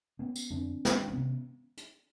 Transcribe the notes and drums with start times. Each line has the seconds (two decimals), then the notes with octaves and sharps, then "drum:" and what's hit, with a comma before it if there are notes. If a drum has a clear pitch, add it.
0.19 B3 C#4
0.36 drum: tambourine
0.50 F2 D3 C4 D4
0.85 drum: snare
1.08 D4
1.12 C3 B3 C#4
1.77 drum: hi-hat